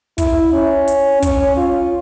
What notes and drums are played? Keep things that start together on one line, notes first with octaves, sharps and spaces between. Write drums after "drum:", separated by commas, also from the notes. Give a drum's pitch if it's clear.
E4, drum: kick, hi-hat
C#4
drum: hi-hat
C#4, drum: kick, hi-hat
F4